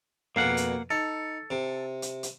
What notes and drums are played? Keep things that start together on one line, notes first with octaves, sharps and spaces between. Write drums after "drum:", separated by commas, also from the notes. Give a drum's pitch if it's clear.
F2 B2 A#3 F5 F#5
drum: hi-hat
D#4 A4
C3
drum: hi-hat
drum: hi-hat